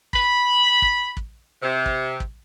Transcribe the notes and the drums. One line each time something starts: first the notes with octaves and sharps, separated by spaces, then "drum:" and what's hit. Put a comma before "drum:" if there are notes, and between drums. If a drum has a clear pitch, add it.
B5, drum: kick
drum: kick
drum: kick
C3
drum: kick
drum: kick